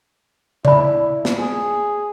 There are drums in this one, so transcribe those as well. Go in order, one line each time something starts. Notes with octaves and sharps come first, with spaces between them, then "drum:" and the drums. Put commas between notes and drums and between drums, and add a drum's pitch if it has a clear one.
E4 D5 B5, drum: tom C#3
drum: snare
G#4